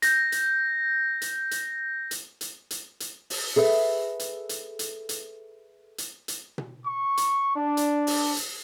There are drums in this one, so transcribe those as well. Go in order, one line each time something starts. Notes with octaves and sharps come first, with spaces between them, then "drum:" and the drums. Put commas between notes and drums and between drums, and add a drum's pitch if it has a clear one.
G6 A#6, drum: hi-hat
drum: hi-hat
drum: hi-hat
drum: hi-hat
drum: hi-hat
drum: hi-hat
drum: hi-hat
drum: hi-hat
drum: open hi-hat
G#4 A4 B4 E5
drum: hi-hat
drum: hi-hat
drum: hi-hat
drum: hi-hat
drum: hi-hat
drum: hi-hat
drum: tom B2
C#6
drum: hi-hat
D4
drum: hi-hat
drum: open hi-hat
drum: hi-hat